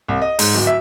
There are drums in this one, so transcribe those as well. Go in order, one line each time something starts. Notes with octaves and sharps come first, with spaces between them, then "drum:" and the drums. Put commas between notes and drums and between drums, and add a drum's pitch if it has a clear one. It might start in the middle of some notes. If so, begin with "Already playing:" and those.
C2
D#5
G#2, drum: open hi-hat
D1
E5